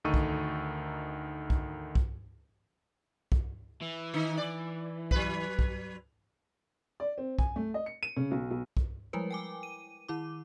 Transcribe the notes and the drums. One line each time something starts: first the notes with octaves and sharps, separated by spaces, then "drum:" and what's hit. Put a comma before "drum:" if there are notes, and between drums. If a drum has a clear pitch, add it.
D2 D#3 D#4 A4 C#6 D#7
drum: kick B1
drum: kick B1
drum: kick B1
drum: kick B1
E3
D#3 D#4
D5
F#3 B4, drum: kick B1
drum: kick B1
D5
C4
G#5, drum: kick B1
A3
D#5
C#7
D#7
C#3
B1
B1
drum: kick B1
F3 G3 G#3 E4 A#4 B4
G5 G#5 D6
D#7
D#3 E4 D6